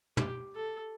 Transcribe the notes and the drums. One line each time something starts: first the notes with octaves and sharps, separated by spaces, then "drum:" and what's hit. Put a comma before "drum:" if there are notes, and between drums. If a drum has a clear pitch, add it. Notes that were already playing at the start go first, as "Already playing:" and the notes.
G4, drum: tom
A4